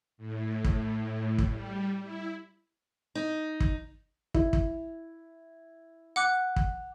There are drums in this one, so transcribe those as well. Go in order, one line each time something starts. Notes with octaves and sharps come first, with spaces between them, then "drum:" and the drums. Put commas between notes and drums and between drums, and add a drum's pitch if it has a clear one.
A2
drum: kick
drum: kick
G3
E4
D#4
drum: kick
E4, drum: kick
drum: kick
F#5 D6 F#6
drum: kick